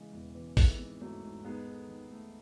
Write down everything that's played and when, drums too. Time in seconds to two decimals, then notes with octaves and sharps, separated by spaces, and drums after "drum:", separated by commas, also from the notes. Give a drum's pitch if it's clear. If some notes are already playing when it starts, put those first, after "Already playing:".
Already playing: C#3 E3 G#3
0.13 E1 E3
0.35 E2
0.57 D#3 E3 G#3, drum: kick A1, open hi-hat
0.79 G#1
1.01 G#1 F#3 A3
1.23 G#2
1.45 G#3 B3 D#4
1.67 A4
1.88 D#3
2.11 A3